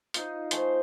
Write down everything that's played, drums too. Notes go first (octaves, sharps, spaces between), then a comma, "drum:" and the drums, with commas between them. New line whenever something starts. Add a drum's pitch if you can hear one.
D#4 F4, drum: hi-hat
A3 G#4 C5 C6, drum: hi-hat